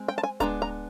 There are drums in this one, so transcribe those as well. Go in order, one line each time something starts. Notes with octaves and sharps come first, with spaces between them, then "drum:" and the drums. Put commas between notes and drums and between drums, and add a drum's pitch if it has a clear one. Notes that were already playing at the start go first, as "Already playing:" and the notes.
Already playing: G#3 C4
G5
A5
G#5
G#3 B3 D4 A#5, drum: kick D1, hi-hat
A#5